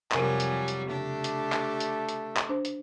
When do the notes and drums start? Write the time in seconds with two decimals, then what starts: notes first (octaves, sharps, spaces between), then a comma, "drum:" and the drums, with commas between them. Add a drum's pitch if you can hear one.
0.12 F2 C3 F#3 G3 A#4 G#5 C#6, drum: clap
0.40 drum: hi-hat
0.68 drum: hi-hat
0.89 C#3 A3 D4 G4
1.24 drum: hi-hat
1.52 drum: clap
1.80 drum: hi-hat
2.09 drum: hi-hat
2.37 drum: clap
2.49 D4 C5
2.65 drum: hi-hat